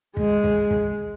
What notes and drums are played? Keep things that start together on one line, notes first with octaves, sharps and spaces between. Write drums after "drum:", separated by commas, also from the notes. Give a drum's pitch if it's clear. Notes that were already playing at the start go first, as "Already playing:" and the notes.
G#3, drum: kick
drum: kick
drum: kick